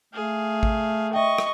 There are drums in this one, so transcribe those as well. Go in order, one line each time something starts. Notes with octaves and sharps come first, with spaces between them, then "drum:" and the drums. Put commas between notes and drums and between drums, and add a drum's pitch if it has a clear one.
A3 G#4 F5
drum: kick A1
D#5 E5 G5 C#6
drum: rim click